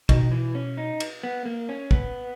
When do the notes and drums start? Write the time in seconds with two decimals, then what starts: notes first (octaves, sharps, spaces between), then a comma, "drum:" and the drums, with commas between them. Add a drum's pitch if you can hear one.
0.09 B2 D#3, drum: kick, cymbal
0.32 E3
0.55 C#4
0.77 D#4
1.00 drum: cymbal
1.23 B3
1.46 A#3
1.69 C#4
1.91 B3, drum: kick